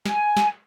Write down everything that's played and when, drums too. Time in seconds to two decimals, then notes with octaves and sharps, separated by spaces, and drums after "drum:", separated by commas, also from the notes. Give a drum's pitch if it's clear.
0.06 G#5, drum: snare
0.37 drum: snare